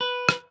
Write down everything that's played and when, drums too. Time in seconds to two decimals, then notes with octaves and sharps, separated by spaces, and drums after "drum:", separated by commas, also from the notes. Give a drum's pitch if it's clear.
0.01 B4
0.29 drum: rim click